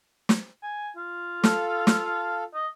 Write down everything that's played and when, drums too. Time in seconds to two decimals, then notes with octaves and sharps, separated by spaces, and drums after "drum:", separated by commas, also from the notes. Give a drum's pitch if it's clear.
0.29 drum: snare
0.63 G#5
0.97 F4
1.44 A4 F5, drum: snare
1.87 drum: snare
2.53 D#5